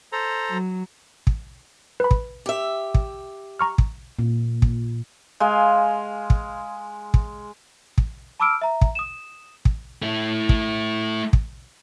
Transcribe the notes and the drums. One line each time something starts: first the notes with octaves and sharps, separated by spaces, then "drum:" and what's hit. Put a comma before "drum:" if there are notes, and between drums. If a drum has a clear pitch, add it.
A4 C5 A#5
F#3
drum: kick
B4 B5
drum: kick
G4 E5
drum: kick
A#5 C#6 F6
drum: kick
A#2
drum: kick
G#3 F5 G#5
drum: kick
drum: kick
drum: kick
A5 B5 D6 E6 F6 D7
E5 A#5
drum: kick
D#6 E7
drum: kick
A3 E4
drum: kick
drum: kick